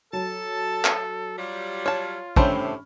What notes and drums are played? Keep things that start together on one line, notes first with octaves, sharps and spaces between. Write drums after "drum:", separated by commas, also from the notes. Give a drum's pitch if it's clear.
F#3 A4 A5
drum: clap
F#3 G3 F4
C#5 A5 F6
A2 C3 A3 C#4 D4 C5 G5 B5, drum: kick